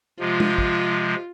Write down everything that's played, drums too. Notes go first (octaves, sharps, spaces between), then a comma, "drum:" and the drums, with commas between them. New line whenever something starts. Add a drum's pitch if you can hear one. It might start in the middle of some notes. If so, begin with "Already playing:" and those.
C3 F3 G#3 F4
drum: tom
drum: kick